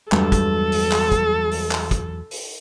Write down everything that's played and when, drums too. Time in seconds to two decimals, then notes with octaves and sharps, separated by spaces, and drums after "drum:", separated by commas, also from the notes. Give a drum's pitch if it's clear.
0.12 E2 G2 F#3 G#3 A4, drum: clap
0.32 drum: kick, hi-hat
0.72 drum: open hi-hat
0.92 drum: clap
1.12 drum: kick, hi-hat
1.51 drum: open hi-hat
1.71 drum: clap
1.91 drum: kick, hi-hat
2.31 drum: open hi-hat